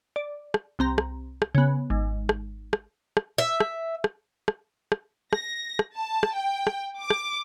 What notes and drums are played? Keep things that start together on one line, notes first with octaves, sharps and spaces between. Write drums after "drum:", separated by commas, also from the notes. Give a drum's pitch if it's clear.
D5
drum: rim click
C2 C4 A#5
drum: rim click
drum: rim click
C#3 B3
G#1
drum: rim click
drum: rim click
drum: rim click
E5
drum: rim click
drum: rim click
drum: rim click
drum: rim click
A#6, drum: rim click
drum: rim click
A5
drum: rim click
G5
drum: rim click
D6
drum: rim click